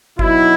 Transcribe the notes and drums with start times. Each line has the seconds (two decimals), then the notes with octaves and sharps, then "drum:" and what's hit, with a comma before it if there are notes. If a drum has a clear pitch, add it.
0.19 B2 F#3 B3 D#4 E4, drum: kick G1